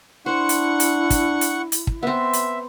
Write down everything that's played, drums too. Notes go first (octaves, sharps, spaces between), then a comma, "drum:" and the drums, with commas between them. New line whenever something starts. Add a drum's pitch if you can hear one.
D4 E4 C5 F#5 C#6
drum: hi-hat
drum: hi-hat
drum: kick, hi-hat
drum: hi-hat
drum: hi-hat
drum: kick
B3 C4 E5
drum: hi-hat